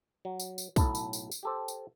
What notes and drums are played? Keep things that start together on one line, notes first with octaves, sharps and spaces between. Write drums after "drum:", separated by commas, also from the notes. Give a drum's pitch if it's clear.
F#3
drum: tambourine
drum: tambourine
B1 A2 E4 A4 E5, drum: kick, tambourine
drum: tambourine
drum: tambourine
drum: tambourine
G4 A4 C5
drum: tambourine